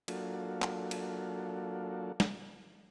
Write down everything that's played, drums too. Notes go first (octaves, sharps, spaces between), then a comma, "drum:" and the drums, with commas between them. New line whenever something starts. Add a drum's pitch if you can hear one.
F#3 A#3 D4 F4 F#4 A4, drum: cymbal
drum: clap
drum: cymbal
drum: snare